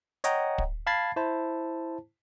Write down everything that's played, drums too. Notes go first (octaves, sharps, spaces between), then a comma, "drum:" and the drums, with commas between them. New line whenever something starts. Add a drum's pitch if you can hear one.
C#5 D#5 F#5 G5 A#5, drum: hi-hat
drum: kick
F5 A5 B5 G#6 A6 C7
E4 C5 A5